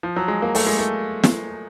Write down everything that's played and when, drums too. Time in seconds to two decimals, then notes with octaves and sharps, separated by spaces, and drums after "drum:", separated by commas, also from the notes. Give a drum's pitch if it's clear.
0.03 F3
0.16 F#3
0.28 G#3
0.42 A#3
0.55 A3, drum: open hi-hat
0.66 G#3
0.79 A3
1.23 drum: snare